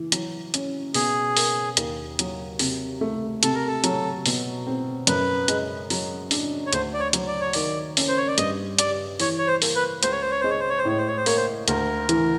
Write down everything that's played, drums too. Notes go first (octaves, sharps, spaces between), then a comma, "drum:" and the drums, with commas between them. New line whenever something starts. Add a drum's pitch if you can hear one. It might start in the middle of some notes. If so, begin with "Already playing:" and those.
Already playing: E3
F#3, drum: hi-hat
C#4, drum: hi-hat
B2 G#4, drum: open hi-hat
A#3, drum: open hi-hat
D#2, drum: hi-hat
F#3, drum: hi-hat
C3, drum: open hi-hat
A3
C3 A4, drum: hi-hat
A#4
A4
F#3, drum: hi-hat
B2, drum: open hi-hat
C4
F#2 B4, drum: hi-hat
G#3, drum: hi-hat
F#3, drum: open hi-hat
D4, drum: open hi-hat
C#5
D2 C5, drum: hi-hat
D5
C#5
F#3, drum: hi-hat
D5
C#5
D#3 D5, drum: open hi-hat
C#4, drum: open hi-hat
C5
C#5
D5
G2 D#5, drum: hi-hat
G3 D5, drum: hi-hat
E3 C#5, drum: open hi-hat
C#5
C5
A#3, drum: open hi-hat
B4
C#2 C5, drum: hi-hat
C#5
C5
C#5
G#3 C5
C#5
C5
C#5
C5
A2 C#5
C5
C#5
C5
A#3 C#5, drum: open hi-hat
C5
D2 A#4, drum: hi-hat
E3, drum: hi-hat